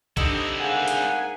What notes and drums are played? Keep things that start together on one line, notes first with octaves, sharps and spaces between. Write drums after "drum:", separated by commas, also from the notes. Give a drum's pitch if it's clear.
D3 C4 D#4 E4 G4 D#5, drum: kick B1
G#2 A#3 G#4 F5 F#5 G#5
drum: hi-hat